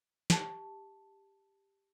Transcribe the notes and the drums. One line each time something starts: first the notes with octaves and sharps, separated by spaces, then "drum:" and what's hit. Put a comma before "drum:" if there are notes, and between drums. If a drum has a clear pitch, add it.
G4 A5, drum: snare